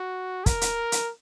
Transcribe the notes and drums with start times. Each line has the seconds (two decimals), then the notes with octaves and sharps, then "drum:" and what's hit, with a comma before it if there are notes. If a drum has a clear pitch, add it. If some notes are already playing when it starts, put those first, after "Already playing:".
Already playing: F#4
0.46 A#4, drum: kick, hi-hat
0.61 drum: hi-hat
0.92 drum: hi-hat